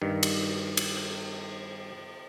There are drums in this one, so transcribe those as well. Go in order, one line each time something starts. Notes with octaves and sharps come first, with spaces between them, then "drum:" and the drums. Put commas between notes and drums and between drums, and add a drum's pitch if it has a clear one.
G2 D#3
drum: cymbal
drum: cymbal